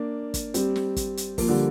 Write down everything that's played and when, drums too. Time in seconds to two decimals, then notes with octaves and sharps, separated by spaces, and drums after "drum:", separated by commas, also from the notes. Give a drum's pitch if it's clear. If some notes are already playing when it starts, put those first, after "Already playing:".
Already playing: A#3 D4
0.34 drum: kick, hi-hat
0.54 G3 C4, drum: hi-hat
0.76 drum: snare
0.96 drum: kick, hi-hat
1.17 drum: hi-hat
1.38 F3 A#3, drum: kick, open hi-hat
1.48 D3 G3